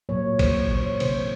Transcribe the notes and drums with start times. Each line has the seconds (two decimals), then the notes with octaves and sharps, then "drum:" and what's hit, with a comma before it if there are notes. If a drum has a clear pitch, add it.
0.09 A#2 F#3 A#3 C#5
0.39 C5, drum: kick A1, cymbal
0.70 C#5
1.00 C3 D#3 A#3 C5, drum: cymbal